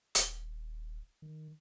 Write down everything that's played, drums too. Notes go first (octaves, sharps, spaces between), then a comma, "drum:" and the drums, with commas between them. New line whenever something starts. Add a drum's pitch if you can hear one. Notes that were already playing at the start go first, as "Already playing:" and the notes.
D#1, drum: hi-hat
D#3